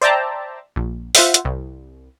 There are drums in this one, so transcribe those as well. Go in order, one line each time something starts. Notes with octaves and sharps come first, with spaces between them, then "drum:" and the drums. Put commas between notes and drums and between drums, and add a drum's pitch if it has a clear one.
C5 D5 E5 G5 A5 A#5
A#1
F4 C5 E5 F#5, drum: open hi-hat
drum: hi-hat
C2